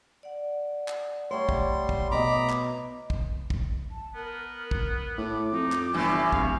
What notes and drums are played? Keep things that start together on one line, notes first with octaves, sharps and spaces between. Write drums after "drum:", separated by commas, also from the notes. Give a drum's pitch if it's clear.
D5 F#5
drum: clap
G3 A3 C#5 E5 F#5 C6
drum: kick
drum: kick
B2 B3 D#5 A#5 B5 D6
drum: clap
drum: kick
drum: kick
A5
B3 A#4
drum: kick
A2 D6
F2 D#4
drum: clap
G1 C3 E3 C#4
D1 F5 C#6, drum: kick